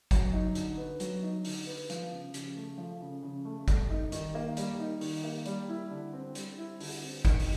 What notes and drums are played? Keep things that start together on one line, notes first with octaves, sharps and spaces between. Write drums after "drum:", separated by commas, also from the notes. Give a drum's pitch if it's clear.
F#3, drum: kick, hi-hat
D#4
D3, drum: hi-hat
B3
F#3, drum: hi-hat
D#4
D3, drum: open hi-hat
B3
F3, drum: hi-hat
C#3
C#3, drum: hi-hat
A3
F3
C#3
C#3
A3
G3, drum: kick, hi-hat
D#4
D#3, drum: hi-hat
A#3
G3, drum: hi-hat
D#4
D#3, drum: open hi-hat
A#3
G3, drum: hi-hat
E4
D3
C4
G3, drum: hi-hat
E4
D3, drum: open hi-hat
C4
D#3, drum: kick, hi-hat
drum: open hi-hat